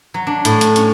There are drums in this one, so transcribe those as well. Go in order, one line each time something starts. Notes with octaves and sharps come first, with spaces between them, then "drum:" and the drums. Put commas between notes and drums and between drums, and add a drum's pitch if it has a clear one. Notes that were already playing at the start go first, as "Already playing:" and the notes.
F#3
D4
A2, drum: hi-hat
D4, drum: hi-hat
C#4, drum: hi-hat